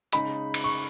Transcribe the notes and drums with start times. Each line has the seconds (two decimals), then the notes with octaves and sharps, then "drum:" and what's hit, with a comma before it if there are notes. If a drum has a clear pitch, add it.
0.13 C#3 G#3 D#4 B5, drum: hi-hat
0.54 drum: cymbal
0.64 C#6